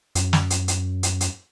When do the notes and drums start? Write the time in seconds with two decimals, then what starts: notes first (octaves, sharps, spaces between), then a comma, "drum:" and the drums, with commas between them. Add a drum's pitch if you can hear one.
0.15 F#2, drum: hi-hat
0.33 drum: snare
0.50 drum: hi-hat
0.68 drum: hi-hat
1.03 drum: hi-hat
1.21 drum: hi-hat